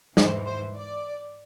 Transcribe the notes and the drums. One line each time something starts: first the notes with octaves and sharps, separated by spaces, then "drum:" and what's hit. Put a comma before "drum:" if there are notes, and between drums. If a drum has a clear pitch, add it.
G#2 E3 C5, drum: snare
C5
D5